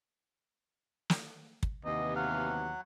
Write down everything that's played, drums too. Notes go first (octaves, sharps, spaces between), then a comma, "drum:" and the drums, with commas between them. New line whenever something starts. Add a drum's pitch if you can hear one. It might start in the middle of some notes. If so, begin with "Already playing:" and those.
drum: snare
drum: kick
D#2 C3 E3 B3 D#5
F#3 F5 F#5